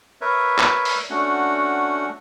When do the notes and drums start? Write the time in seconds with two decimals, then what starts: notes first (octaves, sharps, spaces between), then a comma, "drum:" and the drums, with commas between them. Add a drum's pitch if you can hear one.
0.21 A#4 B4 C#5 E5
0.59 drum: clap
0.85 drum: open hi-hat
1.10 A3 C#4 D4 F#4 F#5